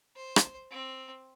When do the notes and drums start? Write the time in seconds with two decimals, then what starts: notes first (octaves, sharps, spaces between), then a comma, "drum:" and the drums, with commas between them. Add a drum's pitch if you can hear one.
0.15 C5
0.36 drum: rim click
0.70 C4